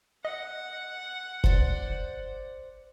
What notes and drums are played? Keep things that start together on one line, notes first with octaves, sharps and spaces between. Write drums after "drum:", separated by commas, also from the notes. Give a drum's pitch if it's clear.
D#5 F#5
C5 D5, drum: kick F1